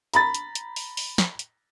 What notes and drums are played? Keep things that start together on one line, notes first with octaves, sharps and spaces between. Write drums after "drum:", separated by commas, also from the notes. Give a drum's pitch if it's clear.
A#5 B5 A6, drum: hi-hat
drum: hi-hat
drum: hi-hat
drum: open hi-hat
drum: open hi-hat
drum: snare
drum: hi-hat